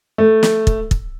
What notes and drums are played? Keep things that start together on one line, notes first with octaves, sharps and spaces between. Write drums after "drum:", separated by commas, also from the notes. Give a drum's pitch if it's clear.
A3
drum: snare
drum: kick
drum: kick